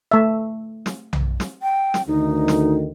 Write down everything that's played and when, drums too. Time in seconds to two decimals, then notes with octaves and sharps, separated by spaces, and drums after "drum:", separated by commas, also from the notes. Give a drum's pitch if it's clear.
0.12 A3 E5
0.86 drum: snare
1.13 drum: tom B1
1.40 drum: snare
1.62 G5
1.94 drum: snare
2.07 D2 D#3 D#4
2.48 drum: snare